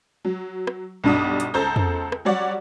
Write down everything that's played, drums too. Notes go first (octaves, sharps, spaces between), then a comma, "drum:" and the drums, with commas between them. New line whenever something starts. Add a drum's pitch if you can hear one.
F#3
drum: rim click
B1 G2 G3 D4 F#4 D#6
drum: hi-hat
C#2 A4 C5 A5 A#5 G6
drum: tom
drum: rim click
F#3 G3 C#5 D5 F#5